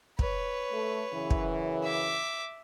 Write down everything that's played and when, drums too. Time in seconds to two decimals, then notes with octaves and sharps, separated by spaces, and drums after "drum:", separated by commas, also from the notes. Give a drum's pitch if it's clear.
0.19 B4 C#5, drum: kick
0.72 A3
1.12 F#2 C#3 E3
1.30 drum: kick
1.83 E5 D6